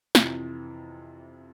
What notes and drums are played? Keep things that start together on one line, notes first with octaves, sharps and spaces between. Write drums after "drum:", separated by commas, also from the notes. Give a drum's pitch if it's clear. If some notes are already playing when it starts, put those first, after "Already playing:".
F2 C3 E3, drum: snare